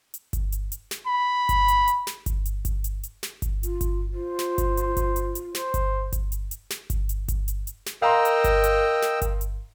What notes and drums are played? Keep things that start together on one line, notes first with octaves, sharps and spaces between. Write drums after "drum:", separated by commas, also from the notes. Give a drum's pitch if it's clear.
drum: hi-hat
drum: kick G1, hi-hat
drum: hi-hat
drum: hi-hat
drum: snare
B5
drum: kick G1, hi-hat
drum: hi-hat
drum: hi-hat
drum: snare
drum: kick G1, hi-hat
drum: hi-hat
drum: kick G1, hi-hat
drum: hi-hat
drum: hi-hat
drum: snare
drum: kick G1, hi-hat
F4, drum: hi-hat
drum: kick G1, hi-hat
F4 C5
drum: snare
drum: kick G1, hi-hat
drum: hi-hat
drum: kick G1, hi-hat
drum: hi-hat
drum: hi-hat
C5, drum: snare
drum: kick G1, hi-hat
drum: kick G1, hi-hat
drum: hi-hat
drum: hi-hat
drum: snare
drum: kick G1, hi-hat
drum: hi-hat
drum: kick G1, hi-hat
drum: hi-hat
drum: hi-hat
drum: snare
A#4 D#5 F5 G5 A#5 C6 E6
drum: hi-hat
drum: kick G1, hi-hat
drum: hi-hat
drum: snare
drum: kick G1, hi-hat
drum: hi-hat